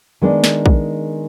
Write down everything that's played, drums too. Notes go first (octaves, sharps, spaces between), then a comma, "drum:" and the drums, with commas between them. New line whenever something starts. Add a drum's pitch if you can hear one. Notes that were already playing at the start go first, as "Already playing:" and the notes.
D#3 G#3 B3 D4
drum: snare
drum: kick